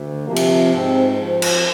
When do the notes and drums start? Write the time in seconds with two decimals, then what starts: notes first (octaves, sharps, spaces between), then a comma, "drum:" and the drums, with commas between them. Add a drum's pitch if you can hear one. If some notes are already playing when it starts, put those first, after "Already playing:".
Already playing: D2
0.26 C3 F3 A#3
0.36 drum: cymbal
0.72 G#2 C4
1.18 F3
1.42 drum: cymbal